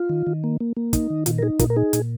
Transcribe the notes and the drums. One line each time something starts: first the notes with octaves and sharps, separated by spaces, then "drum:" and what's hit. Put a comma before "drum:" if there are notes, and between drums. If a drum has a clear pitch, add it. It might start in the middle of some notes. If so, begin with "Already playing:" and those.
Already playing: F4
D#3
D#3
A#3
A#3
A#3
D#4, drum: kick, hi-hat
D#3
A#2 F4, drum: hi-hat
A#4
D#4 G#4
A#2 F4 A#4, drum: kick, hi-hat
A#4
D#4 G#4
A#2, drum: hi-hat